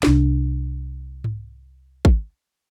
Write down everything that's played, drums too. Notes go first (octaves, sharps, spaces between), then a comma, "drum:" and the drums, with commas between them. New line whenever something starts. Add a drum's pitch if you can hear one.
C2 D4, drum: snare
drum: tom G#2
drum: kick